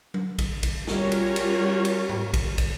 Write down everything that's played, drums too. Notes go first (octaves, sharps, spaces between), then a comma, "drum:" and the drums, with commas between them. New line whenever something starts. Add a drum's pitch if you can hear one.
drum: tom F#3
drum: kick, cymbal
drum: kick, cymbal
G3 C#4 F4 F#4 A#4 C#5, drum: snare
drum: cymbal
drum: cymbal
drum: cymbal
drum: tom G#2
drum: kick, cymbal
drum: kick, cymbal